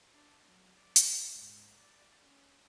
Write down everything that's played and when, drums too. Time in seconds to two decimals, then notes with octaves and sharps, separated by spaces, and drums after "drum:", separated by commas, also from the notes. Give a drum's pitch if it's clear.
0.14 D4
0.47 F#3
0.78 D5
0.96 drum: hi-hat
1.33 G#2
1.77 D5
2.21 C#4